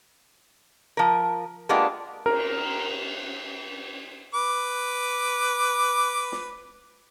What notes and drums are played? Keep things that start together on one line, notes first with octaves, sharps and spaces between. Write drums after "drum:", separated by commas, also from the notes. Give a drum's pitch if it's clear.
F3 A#4
G#3 A#3 B3 D4 F4 G4
A#4, drum: cymbal
B4 D6
drum: snare